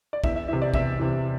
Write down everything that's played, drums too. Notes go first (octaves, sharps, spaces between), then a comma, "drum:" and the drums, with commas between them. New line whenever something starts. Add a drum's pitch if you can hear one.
D5
E2 E5, drum: kick
E5
C3 E3 E5
D5
E2 E5, drum: kick
C3 E3